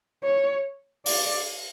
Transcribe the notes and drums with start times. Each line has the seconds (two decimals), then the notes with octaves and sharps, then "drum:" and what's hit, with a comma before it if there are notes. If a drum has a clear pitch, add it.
0.24 C#5
1.06 D5, drum: open hi-hat